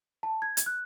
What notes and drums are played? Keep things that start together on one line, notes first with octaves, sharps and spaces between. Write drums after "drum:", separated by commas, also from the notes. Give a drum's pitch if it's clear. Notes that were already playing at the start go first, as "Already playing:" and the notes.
A5
G#6
drum: hi-hat
F#6